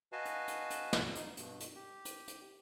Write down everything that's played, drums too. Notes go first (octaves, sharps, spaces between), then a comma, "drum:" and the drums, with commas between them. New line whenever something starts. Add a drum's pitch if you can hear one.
F#4 B4 D#5 F5 G#5 A5
drum: hi-hat
drum: hi-hat
drum: hi-hat
drum: snare
D#4, drum: hi-hat
G2 B2, drum: hi-hat
drum: hi-hat
G4
drum: hi-hat
drum: hi-hat